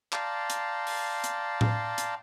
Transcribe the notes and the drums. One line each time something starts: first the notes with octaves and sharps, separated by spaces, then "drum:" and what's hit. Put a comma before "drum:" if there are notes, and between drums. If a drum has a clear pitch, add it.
D5 F5 G5 A5 A#5 C6, drum: clap
drum: hi-hat
drum: open hi-hat
drum: hi-hat
drum: tom A2
drum: hi-hat